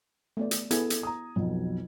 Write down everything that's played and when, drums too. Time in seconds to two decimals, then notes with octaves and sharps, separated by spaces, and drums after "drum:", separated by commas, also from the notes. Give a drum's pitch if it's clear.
0.37 A3 B3 D5
0.51 drum: hi-hat
0.71 B3 E4 G#4 A4 G#6, drum: hi-hat
0.90 drum: hi-hat
1.03 A#5 D#6
1.36 B1 F2 B2